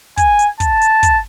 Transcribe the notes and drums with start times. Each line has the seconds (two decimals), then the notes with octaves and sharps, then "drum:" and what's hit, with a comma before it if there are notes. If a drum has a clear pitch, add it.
0.17 G#5, drum: kick, hi-hat
0.39 drum: hi-hat
0.60 A5, drum: kick, hi-hat
0.81 drum: hi-hat
1.03 drum: kick, hi-hat